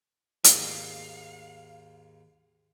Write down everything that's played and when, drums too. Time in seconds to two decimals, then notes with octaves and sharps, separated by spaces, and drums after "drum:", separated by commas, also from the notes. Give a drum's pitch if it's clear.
0.44 D#2 G#2 F5, drum: hi-hat